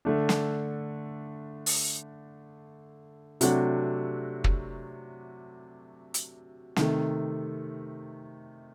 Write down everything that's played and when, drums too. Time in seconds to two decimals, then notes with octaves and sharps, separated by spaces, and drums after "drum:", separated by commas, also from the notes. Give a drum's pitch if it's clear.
0.05 D3 A3 D4
0.29 drum: snare
1.66 drum: open hi-hat
3.41 C3 F#3 A3 D4 F#4, drum: hi-hat
4.44 drum: kick
6.14 drum: hi-hat
6.76 C3 D#3 A3, drum: snare